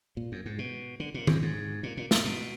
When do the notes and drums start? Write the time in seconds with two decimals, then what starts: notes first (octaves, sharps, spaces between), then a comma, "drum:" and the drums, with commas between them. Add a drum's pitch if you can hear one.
0.17 A#2
0.32 F#2
0.46 G#2
0.59 B2
1.00 D3
1.14 A#2
1.27 F#2, drum: tom D#3
1.42 G#2
1.83 A#2
1.97 A#2
2.11 B2, drum: snare
2.25 B2